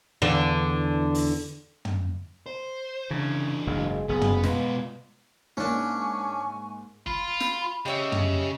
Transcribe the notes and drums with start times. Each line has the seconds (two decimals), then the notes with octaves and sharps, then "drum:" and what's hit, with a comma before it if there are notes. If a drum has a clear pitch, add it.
0.22 E2 D3
1.15 drum: open hi-hat
1.85 drum: tom
2.46 C5
3.11 C#3 E3 D4
3.67 F#1 G#2 G#3
4.09 F#1 B3 G#4
4.21 drum: tom
4.43 B2 G#3 B3 F4, drum: snare
5.57 G#2 A#3 C#4 D4 G#5 C#6
7.07 F4 B5, drum: kick
7.40 drum: snare
7.86 C#3 G4 C#5 D#5 E5
8.12 drum: tom